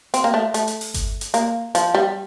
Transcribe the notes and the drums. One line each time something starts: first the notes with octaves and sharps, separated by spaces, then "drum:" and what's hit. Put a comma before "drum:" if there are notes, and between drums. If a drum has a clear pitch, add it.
C4, drum: hi-hat
A#3
A3
A3, drum: hi-hat
drum: hi-hat
drum: open hi-hat
drum: kick G1, hi-hat
drum: hi-hat
A#3, drum: hi-hat
F3, drum: hi-hat
G3